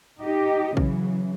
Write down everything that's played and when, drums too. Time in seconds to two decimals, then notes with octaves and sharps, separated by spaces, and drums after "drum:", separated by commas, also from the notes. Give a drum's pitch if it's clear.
0.20 D#4 G4 D#5
0.77 C#3 E3 F#3, drum: kick